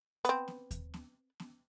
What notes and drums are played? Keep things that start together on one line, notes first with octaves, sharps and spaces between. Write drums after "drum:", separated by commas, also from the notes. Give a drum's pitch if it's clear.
B3 C4, drum: hi-hat
drum: snare B3
drum: kick D#2, hi-hat
drum: snare B3
drum: snare B3